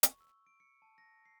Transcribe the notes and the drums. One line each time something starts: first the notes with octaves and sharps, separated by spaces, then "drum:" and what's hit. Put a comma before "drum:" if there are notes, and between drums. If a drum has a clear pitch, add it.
C#6, drum: hi-hat
E6
D7
C#7
A5
A#6
C7